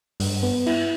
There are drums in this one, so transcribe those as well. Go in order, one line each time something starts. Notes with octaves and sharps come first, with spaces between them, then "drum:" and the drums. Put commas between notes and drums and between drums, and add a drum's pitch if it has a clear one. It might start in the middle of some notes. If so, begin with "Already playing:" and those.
G2, drum: open hi-hat
B3
E4, drum: cymbal